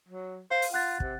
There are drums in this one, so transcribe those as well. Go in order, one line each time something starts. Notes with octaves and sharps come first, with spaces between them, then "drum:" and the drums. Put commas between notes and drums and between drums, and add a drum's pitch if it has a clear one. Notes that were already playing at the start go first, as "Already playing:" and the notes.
F#3
C5 F5
drum: open hi-hat
F4 F#5 F#6 A6
C3, drum: kick